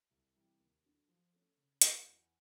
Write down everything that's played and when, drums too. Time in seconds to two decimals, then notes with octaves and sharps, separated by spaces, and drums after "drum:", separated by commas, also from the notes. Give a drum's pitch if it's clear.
0.11 C2
0.35 C3 E3 G3
0.60 D#2
0.84 D3 F#3
1.08 F3
1.33 A3 C#4
1.57 C#3
1.81 F#3 A#3 C#4 F4, drum: hi-hat
2.06 E2